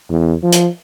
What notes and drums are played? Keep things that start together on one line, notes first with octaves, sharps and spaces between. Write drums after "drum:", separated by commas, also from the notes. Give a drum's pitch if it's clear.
E2
F3
drum: hi-hat